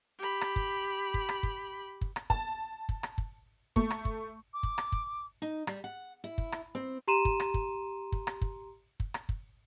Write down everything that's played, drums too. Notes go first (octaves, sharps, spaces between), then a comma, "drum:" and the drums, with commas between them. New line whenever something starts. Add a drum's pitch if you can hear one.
G4 B5
drum: rim click
drum: kick
drum: kick
drum: rim click
drum: kick
drum: kick
drum: rim click
A5, drum: kick
drum: kick
drum: rim click
drum: kick
A3, drum: kick
drum: rim click
drum: kick
D6
drum: kick
drum: rim click
drum: kick
D#4
G3, drum: rim click
F#5
E4
drum: kick
drum: rim click
C4
G4 A#5 C6 D#7 E7
drum: kick
drum: rim click
drum: kick
drum: kick
drum: rim click
drum: kick
drum: kick
drum: rim click
drum: kick